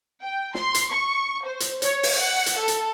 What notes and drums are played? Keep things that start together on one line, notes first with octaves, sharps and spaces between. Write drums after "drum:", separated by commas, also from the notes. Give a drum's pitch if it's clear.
G5
C6, drum: snare
drum: hi-hat
C#6
C5
drum: hi-hat
C#5, drum: hi-hat
drum: open hi-hat
F#5
drum: hi-hat
A4
drum: hi-hat